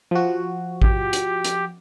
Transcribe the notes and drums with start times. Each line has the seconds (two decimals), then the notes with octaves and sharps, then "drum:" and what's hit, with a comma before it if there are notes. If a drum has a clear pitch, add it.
0.11 F3 F#4
0.82 G4, drum: kick A1
1.13 drum: hi-hat
1.45 drum: hi-hat